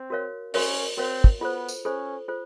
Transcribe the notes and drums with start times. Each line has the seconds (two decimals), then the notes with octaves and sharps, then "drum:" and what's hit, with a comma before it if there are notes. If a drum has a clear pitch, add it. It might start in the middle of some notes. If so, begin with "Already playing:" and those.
Already playing: C4
0.10 F#4 A#4 C#5 F5
0.54 C#4 F#4 A#4 C#5 F5, drum: open hi-hat
0.97 C4 F#4 A#4 C#5 F5
1.24 drum: kick
1.41 B3 F4 A4 C5
1.68 drum: tambourine
1.85 C#4 F4 A4 C5
2.28 F4 A4 C5